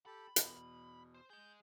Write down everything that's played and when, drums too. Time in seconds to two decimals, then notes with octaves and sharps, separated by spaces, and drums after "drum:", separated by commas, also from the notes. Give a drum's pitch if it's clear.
0.06 G4 A4 A5 B5
0.36 E2 B2, drum: hi-hat
1.14 C5
1.30 G#4 D#5 G6